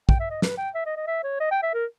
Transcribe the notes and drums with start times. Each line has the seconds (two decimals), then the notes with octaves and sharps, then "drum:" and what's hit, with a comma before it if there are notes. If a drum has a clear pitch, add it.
0.09 G5, drum: kick
0.20 E5
0.31 D#5
0.42 B4, drum: snare
0.58 G5
0.75 E5
0.86 D#5
0.96 D#5
1.07 E5
1.24 C#5
1.40 D#5
1.51 G5
1.62 E5
1.74 A#4